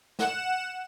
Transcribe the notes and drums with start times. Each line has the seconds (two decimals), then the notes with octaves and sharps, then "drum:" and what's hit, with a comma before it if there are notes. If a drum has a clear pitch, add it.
0.19 F#5 E7, drum: snare